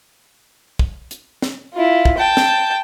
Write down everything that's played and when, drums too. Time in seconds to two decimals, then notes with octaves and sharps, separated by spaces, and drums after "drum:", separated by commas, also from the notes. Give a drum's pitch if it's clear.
0.79 drum: kick
1.11 drum: hi-hat
1.42 drum: snare
1.74 E4 F4
2.05 drum: kick
2.18 G5 A5
2.37 drum: snare